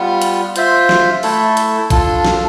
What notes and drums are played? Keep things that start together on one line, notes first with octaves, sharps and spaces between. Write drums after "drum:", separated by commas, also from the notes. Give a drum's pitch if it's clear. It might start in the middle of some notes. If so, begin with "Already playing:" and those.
Already playing: G3 B3 F4
drum: hi-hat
F4 C5 E5, drum: hi-hat
drum: snare
A3 E4 A4, drum: open hi-hat
drum: hi-hat
D4 F4 A4, drum: kick A#1, hi-hat
drum: snare